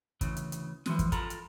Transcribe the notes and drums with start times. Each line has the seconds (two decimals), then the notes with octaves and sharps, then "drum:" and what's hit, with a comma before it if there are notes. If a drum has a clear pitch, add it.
0.21 D2 C#3 E3, drum: kick, hi-hat
0.37 drum: hi-hat
0.52 drum: hi-hat
0.86 E3 F3 G#3, drum: snare
0.99 drum: kick, hi-hat
1.12 F4 A4 A#5 B5, drum: kick, hi-hat
1.30 drum: hi-hat